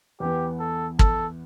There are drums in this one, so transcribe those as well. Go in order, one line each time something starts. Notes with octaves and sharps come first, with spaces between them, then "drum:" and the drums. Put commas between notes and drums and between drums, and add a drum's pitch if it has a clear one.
E2 E3 B3 G4
A4
A4, drum: kick